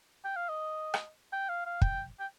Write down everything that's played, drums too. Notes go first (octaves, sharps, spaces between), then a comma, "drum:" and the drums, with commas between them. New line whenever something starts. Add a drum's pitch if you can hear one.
G5
F5
D#5
drum: rim click
G5
F5
F5
G5, drum: kick
G5